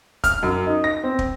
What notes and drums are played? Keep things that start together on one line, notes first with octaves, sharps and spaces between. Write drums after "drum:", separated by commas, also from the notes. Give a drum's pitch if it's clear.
F6, drum: kick, hi-hat
F#2
D#4
A#6
C4
drum: kick